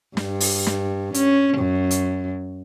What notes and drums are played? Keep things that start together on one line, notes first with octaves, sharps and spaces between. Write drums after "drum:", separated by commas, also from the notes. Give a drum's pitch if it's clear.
G2, drum: snare
drum: open hi-hat
drum: snare
C#4, drum: hi-hat
F#2
drum: hi-hat